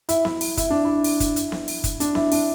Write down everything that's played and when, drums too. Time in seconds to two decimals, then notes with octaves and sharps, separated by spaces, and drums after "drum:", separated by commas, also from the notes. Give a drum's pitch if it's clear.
0.09 E4, drum: hi-hat
0.25 E4, drum: snare B3
0.41 drum: open hi-hat
0.57 E4, drum: kick, hi-hat
0.70 D4
0.85 E4
1.04 drum: open hi-hat
1.20 drum: kick, hi-hat
1.36 drum: hi-hat
1.52 drum: snare B3
1.68 drum: open hi-hat
1.84 drum: kick, hi-hat
2.00 D4, drum: hi-hat
2.15 E4, drum: snare B3
2.32 D4, drum: open hi-hat